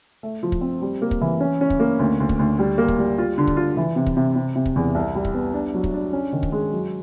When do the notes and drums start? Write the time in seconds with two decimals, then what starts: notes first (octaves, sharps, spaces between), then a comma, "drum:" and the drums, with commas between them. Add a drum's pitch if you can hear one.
0.23 A3
0.43 F3
0.52 drum: kick
0.61 C4
0.82 G3
1.02 A#3
1.11 drum: kick
1.21 E3
1.40 C#4
1.61 C#4
1.70 drum: kick
1.80 A#3
1.99 D2
2.20 D2
2.29 drum: kick
2.39 D2
2.59 G3
2.78 A#3
2.88 drum: kick
2.99 G3
3.18 F4
3.38 D3
3.47 drum: kick
3.57 F4
3.77 E3
3.96 C3
4.06 drum: kick
4.17 C3
4.36 C3
4.56 C3
4.66 drum: kick
4.76 E2
4.95 C2
5.15 G3
5.25 drum: kick
5.35 B3
5.54 D4
5.74 F#3
5.84 drum: kick
5.94 D4
6.13 C#4
6.33 D#3
6.43 drum: kick
6.52 G#3
6.73 F#3